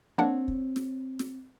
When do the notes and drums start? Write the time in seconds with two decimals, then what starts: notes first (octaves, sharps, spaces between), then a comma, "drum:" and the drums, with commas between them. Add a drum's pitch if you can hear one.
0.18 A#3 C4 D4 C#5 F#5
0.48 drum: kick
0.76 drum: snare
1.19 drum: snare